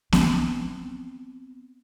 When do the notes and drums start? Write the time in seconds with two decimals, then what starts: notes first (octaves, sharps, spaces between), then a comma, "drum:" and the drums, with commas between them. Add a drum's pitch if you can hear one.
0.12 B3 C4, drum: snare